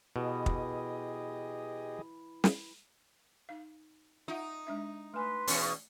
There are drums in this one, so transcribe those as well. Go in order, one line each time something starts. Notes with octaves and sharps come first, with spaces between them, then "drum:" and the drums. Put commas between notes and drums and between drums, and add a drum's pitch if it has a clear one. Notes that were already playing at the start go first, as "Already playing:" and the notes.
B2 E3 G4 G#4 D#5
drum: kick
drum: snare
D#4 F5
D#4 F4 E5 F#5
G#3 D4 E5
A3 B4 G#5 C6
E2 B2 C#4, drum: open hi-hat